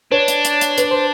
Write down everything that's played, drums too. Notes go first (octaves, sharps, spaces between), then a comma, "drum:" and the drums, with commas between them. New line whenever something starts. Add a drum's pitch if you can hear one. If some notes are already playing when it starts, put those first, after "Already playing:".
D4 B4 C#5
drum: hi-hat
drum: hi-hat
drum: hi-hat
B4, drum: hi-hat
C5